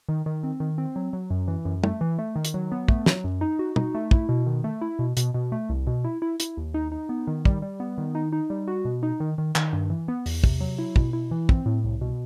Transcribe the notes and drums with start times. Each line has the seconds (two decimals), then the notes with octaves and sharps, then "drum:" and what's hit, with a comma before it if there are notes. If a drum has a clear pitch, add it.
0.09 D#3
0.26 D#3
0.43 C4
0.60 D#3
0.78 C4
0.96 F#3
1.13 F#3
1.30 F#2
1.48 E3
1.65 F#2
1.84 A3, drum: tom
2.01 E3
2.19 A3
2.36 D#3
2.45 drum: hi-hat
2.54 F#3
2.72 B3
2.88 A3, drum: kick
3.06 F#3, drum: snare
3.24 F#2
3.41 D#4
3.59 F#4
3.76 D#4, drum: tom
3.95 A3
4.11 E4, drum: kick
4.29 B2
4.47 D#3
4.64 A3
4.81 E4
4.99 B2
5.17 B2, drum: hi-hat
5.34 B2
5.52 A3
5.69 C2
5.87 B2
6.04 E4
6.22 E4
6.40 E4, drum: hi-hat
6.57 D#2
6.74 D#4
6.92 D#4
7.09 B3
7.27 D#3
7.45 G3, drum: kick
7.62 G3
7.80 B3
7.98 D#3
8.15 D#4
8.33 D#4
8.50 G3
8.68 F#4
8.85 B2
9.03 D#4
9.20 D#3
9.38 D#3
9.56 D#3, drum: clap
9.73 G2
9.90 E3
10.08 B3
10.26 E2, drum: open hi-hat
10.44 C3, drum: kick
10.61 F#3
10.79 E4
10.96 B2, drum: kick
11.13 E4
11.31 E3
11.49 C4, drum: kick
11.66 A2
11.84 C2
12.01 B2